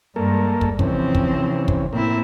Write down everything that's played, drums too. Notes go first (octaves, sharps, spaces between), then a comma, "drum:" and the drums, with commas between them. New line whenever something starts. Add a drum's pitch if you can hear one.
G2 G#3 A#3 A4 A#4
drum: kick
C3 E3 F3 C4 C#4, drum: kick
drum: kick
drum: kick
A2 A#3 C4 E4